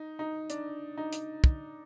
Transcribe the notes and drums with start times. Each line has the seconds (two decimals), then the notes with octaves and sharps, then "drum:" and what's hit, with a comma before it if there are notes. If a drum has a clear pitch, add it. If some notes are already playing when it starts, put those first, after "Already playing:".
Already playing: D#4
0.19 D#4
0.50 D4, drum: hi-hat
0.97 D#4
1.13 drum: hi-hat
1.44 drum: kick